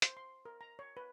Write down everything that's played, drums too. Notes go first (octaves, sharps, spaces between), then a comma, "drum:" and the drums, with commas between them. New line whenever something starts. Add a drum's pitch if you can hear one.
C5, drum: hi-hat
C6
A#4
A#5
C#5
B4